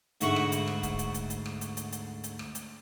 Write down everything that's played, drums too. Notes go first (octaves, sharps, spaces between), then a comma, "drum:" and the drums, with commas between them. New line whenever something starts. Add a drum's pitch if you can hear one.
D2 G#2 F#4 E5 B5 C#6, drum: hi-hat
drum: rim click
drum: hi-hat
drum: rim click
drum: kick C#1, hi-hat
drum: hi-hat
drum: hi-hat
drum: hi-hat
drum: rim click
drum: hi-hat
drum: hi-hat
drum: hi-hat
drum: hi-hat
drum: rim click
drum: hi-hat